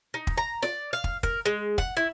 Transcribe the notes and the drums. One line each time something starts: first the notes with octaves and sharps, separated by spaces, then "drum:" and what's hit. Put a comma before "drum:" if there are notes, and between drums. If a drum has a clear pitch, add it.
D#4
drum: kick
A#5
D5, drum: snare
F5
drum: kick
A#4, drum: kick
G#3
F#5, drum: kick
E4